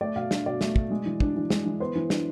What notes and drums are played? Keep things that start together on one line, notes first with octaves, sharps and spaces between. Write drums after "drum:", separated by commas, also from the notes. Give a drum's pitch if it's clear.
A3 D5
B2 F5
D4, drum: snare
B2 D5
A3, drum: snare
B2, drum: kick
G#3
E3
D4, drum: kick
E3
G#3, drum: snare
E3
B3 C5
E3
D4, drum: snare